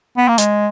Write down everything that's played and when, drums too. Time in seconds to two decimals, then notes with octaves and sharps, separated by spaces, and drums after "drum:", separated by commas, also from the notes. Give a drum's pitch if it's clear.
0.17 B3
0.28 A#3
0.38 G#3, drum: hi-hat